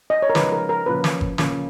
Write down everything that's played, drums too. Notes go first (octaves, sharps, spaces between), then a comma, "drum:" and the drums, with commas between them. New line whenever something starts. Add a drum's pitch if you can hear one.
D#5
C#5
A#4
C#3 F3 G#3 D#4 B4, drum: snare
A#4
A#4
C#3 F3 A#3 C#4 B4
drum: snare
drum: kick G1
C#3 F3 A#3 C#4, drum: snare